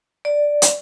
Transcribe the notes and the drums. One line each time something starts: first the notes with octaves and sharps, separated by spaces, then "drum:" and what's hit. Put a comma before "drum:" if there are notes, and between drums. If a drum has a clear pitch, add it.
D5
drum: hi-hat